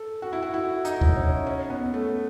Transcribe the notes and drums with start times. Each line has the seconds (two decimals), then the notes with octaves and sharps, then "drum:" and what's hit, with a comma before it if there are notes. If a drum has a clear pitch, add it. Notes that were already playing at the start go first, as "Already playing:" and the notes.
Already playing: A4
0.22 F#4
0.33 E4
0.42 F#4
0.54 E4
0.85 D#4, drum: hi-hat
1.01 drum: kick D2
1.16 C#4
1.47 C#4
1.70 B3
1.94 A3